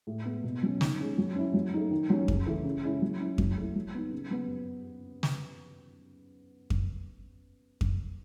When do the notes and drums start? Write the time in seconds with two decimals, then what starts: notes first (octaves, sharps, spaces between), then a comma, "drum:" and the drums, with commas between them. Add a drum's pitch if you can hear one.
0.07 A2
0.25 G#3 B3
0.44 B2
0.63 F#3 C#4
0.81 D#3, drum: snare
1.00 G#3 C#4
1.18 F#3
1.36 C#4 E4
1.54 F#3
1.73 A3 D#4
1.91 D#3
2.10 F#3 C#4
2.28 C#3, drum: kick F2
2.46 E3 A3
2.65 C#3
2.83 G#3 C#4 E4
3.02 F#3
3.20 C#4 E4
3.38 F#3, drum: kick F2
3.58 A3 E4
3.76 F#3
3.95 B3 D#4
4.12 C#3
4.30 F#3 B3
5.23 drum: snare
6.70 drum: kick F2
7.81 drum: kick F2